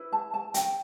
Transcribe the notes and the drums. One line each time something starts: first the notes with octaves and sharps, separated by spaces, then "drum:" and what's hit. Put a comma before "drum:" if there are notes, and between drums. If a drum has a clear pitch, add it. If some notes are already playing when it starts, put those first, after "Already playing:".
Already playing: E4 B4
A5
A5
G5, drum: hi-hat